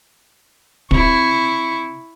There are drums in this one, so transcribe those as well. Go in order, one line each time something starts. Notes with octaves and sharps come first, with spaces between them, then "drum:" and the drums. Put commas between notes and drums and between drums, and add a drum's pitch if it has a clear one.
C3 E4 C#6, drum: kick